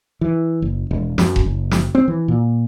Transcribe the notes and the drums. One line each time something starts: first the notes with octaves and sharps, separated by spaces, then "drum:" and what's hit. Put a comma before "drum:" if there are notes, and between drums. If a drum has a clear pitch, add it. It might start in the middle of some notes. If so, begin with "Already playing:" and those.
E3
F#1
E1
F#2, drum: snare
drum: kick E1
F#1
drum: snare
C4
E3
A#2